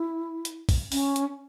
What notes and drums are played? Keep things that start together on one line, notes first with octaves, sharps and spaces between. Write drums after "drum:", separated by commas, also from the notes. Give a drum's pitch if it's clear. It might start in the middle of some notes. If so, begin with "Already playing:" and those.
Already playing: E4
drum: hi-hat
drum: kick, open hi-hat
C#4, drum: open hi-hat
drum: hi-hat